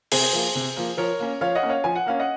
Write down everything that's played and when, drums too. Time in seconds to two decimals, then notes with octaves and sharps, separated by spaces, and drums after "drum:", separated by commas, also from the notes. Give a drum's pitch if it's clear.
0.12 C3 G#4 C5, drum: open hi-hat
0.33 F3 A#3
0.55 C3
0.76 F3 A#3
0.97 F3 A#4 C#5
1.20 A#3 C#4
1.41 F3 C#5 F5
1.55 D#5 F#5
1.63 A#3 C#4
1.69 C#5 F5
1.84 F3 G#5
1.95 F#5
2.06 A#3 C#4 F5
2.19 D#5 F#5